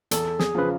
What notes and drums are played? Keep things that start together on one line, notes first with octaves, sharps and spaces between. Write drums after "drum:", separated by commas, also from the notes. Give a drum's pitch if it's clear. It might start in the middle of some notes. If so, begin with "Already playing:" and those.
E2 A4, drum: hi-hat
G#4, drum: snare
C#3 F3 B4